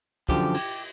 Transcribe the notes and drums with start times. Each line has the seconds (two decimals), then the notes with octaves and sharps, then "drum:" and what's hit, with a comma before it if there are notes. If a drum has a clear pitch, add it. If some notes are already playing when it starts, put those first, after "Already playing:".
0.29 F#2 D3 F3 G4, drum: kick
0.54 drum: cymbal